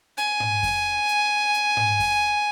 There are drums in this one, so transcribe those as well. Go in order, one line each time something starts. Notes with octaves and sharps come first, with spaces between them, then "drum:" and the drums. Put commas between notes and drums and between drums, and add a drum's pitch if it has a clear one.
G#5, drum: hi-hat
drum: tom G#2
drum: kick F2, open hi-hat
drum: hi-hat
drum: hi-hat
drum: tom G#2
drum: kick F2, open hi-hat